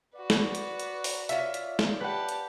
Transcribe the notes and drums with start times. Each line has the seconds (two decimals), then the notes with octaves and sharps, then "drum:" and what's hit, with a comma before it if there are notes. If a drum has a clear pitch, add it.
0.15 F#4 B4 D5
0.30 drum: snare
0.55 drum: hi-hat
0.80 drum: hi-hat
1.04 drum: open hi-hat
1.29 C#4 F4 E5, drum: hi-hat
1.54 drum: hi-hat
1.79 drum: snare
2.00 G4 B4 F#5 A5
2.29 drum: hi-hat